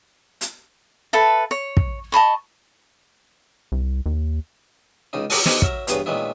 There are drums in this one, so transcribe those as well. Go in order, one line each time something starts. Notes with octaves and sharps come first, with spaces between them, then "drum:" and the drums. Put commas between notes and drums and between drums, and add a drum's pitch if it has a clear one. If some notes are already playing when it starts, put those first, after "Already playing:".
drum: hi-hat
A4 B4 E5 A5
C#5
drum: kick
D#5 A5 B5 C#6
C2
D#2
C#2 C#3 D#4
G4 C#5 F#5 G#5, drum: open hi-hat
D#4 G4 A4 B4 C5 D#5, drum: snare
F#3 A#4 E5 A#5, drum: kick
E2 G2 B3 G#4 B4 C#5, drum: hi-hat
A#2 D#3 F#3 G#3 B3 E4